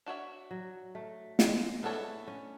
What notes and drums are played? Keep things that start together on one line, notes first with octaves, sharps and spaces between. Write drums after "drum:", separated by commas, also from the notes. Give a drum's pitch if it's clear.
D4 F#4 C#5 E5
F#3
A3
G#3, drum: snare
E3 A3 B3 D4 A4 C#5
C#4